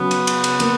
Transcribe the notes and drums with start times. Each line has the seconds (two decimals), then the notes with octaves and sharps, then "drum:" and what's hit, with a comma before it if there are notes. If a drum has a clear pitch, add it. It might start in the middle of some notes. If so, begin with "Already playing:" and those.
Already playing: C#3 F#3 B3
0.11 drum: cymbal
0.27 drum: cymbal
0.44 drum: cymbal
0.60 A#3, drum: cymbal